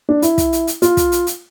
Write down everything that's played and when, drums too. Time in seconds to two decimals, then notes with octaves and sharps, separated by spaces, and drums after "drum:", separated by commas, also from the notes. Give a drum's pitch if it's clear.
0.09 D4
0.22 E4, drum: hi-hat
0.38 drum: kick, hi-hat
0.53 drum: hi-hat
0.67 drum: hi-hat
0.82 F4, drum: hi-hat
0.97 drum: kick, hi-hat
1.12 drum: hi-hat
1.27 drum: hi-hat